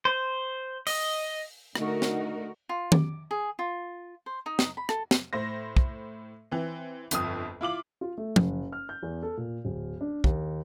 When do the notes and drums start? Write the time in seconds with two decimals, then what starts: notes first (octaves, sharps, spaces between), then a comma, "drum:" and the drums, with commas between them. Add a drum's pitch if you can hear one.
0.05 C5
0.87 D#5, drum: open hi-hat
1.75 D3 A3 D#4 F#4 A#4, drum: rim click
2.02 drum: snare
2.69 F4
2.92 D6, drum: tom D#3
3.31 G#4
3.59 F4
4.26 C5
4.46 D#4
4.59 drum: snare
4.77 B5
4.89 A4, drum: rim click
5.11 drum: snare
5.33 A2 C5 A#6
5.77 drum: kick
6.52 E3 C4
7.11 G1 F2 D#6, drum: hi-hat
7.61 E4 F4 D6 F#7
8.01 F4
8.18 A3
8.36 F#1, drum: tom
8.72 F6
8.89 G6
9.03 E2
9.23 A4
9.37 A#2
9.65 D1
10.01 D4
10.24 D#2, drum: kick